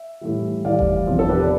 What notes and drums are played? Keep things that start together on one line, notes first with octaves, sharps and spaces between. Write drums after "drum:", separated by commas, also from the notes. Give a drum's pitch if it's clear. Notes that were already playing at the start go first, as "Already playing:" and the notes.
Already playing: E5
A2 E3 G3
A2 E3 G3 D5 F5
drum: kick F#1
E2 C3 F3
A4
G4 B4
B4 D5